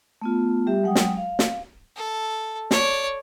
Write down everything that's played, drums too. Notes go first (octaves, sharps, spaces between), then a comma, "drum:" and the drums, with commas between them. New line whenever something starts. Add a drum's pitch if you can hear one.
A3 B3 F4
G3 G4 E5
F#3 G#3 F#5 G5 D#6
drum: snare
F5
drum: snare
A4
C#5 D5, drum: snare